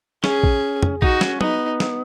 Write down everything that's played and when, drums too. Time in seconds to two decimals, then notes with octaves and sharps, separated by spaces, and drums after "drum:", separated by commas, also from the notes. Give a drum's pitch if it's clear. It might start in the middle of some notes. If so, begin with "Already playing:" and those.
0.24 C#4 G#4, drum: snare
0.43 drum: kick A#1
0.83 drum: tom
1.02 D#4 F#4, drum: kick A#1
1.21 C#4, drum: snare
1.41 B3 D#4, drum: tom
1.80 drum: snare